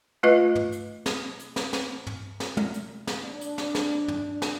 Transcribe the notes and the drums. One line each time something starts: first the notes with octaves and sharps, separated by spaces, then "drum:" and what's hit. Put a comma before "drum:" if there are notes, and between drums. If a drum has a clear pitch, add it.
A3 F4 B4 D#5
drum: tom
drum: hi-hat
drum: snare
drum: hi-hat
drum: snare
drum: snare
drum: tom
drum: snare
drum: tom
drum: hi-hat
drum: snare
D4
drum: hi-hat
drum: snare
drum: snare
drum: tom
drum: snare